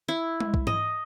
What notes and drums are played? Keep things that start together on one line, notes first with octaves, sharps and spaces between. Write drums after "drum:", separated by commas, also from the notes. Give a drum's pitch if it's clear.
E4
drum: tom G#3
drum: kick B1
D#5, drum: tom G#2